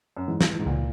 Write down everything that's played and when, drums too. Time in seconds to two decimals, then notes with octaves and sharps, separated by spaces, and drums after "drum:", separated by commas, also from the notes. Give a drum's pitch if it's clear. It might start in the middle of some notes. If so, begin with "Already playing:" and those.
0.17 F#2
0.28 G#2 E3
0.41 drum: snare
0.59 G#2
0.66 C#2 A#2